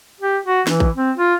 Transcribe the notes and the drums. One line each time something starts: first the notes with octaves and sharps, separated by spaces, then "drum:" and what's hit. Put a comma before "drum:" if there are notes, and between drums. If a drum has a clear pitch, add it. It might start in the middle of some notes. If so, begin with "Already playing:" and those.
G4
F#4
E3, drum: snare
drum: kick
C4
F4